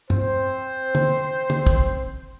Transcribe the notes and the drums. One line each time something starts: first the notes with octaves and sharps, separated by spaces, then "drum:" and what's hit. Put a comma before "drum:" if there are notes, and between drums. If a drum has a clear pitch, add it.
C4 C5, drum: tom
drum: tom
drum: tom
drum: kick